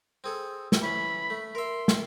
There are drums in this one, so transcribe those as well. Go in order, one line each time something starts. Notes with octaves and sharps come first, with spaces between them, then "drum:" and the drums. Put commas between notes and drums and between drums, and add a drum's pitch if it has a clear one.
C4 G#4 A4
drum: snare
E3 C#4 B5
A3
A#4 E5 C6
drum: snare